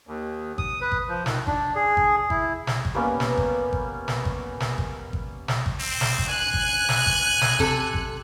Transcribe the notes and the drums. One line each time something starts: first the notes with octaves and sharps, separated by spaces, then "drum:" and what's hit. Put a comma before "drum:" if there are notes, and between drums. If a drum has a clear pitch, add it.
D#2
D#6, drum: kick G#1
B4
drum: kick G#1
F3
D#3, drum: snare
D4, drum: kick G#1
G#4
drum: kick G#1
E4, drum: kick G#1
drum: snare
drum: kick G#1
G3 A#3 B3 C#4
drum: snare
drum: kick G#1
drum: kick G#1
drum: snare
drum: kick G#1
drum: snare
drum: kick G#1
drum: kick G#1
drum: snare
drum: kick G#1
C4
drum: snare
drum: kick G#1
G#5 F#6
drum: kick G#1
drum: snare
drum: kick G#1
drum: snare
C3 A4, drum: kick G#1
drum: kick G#1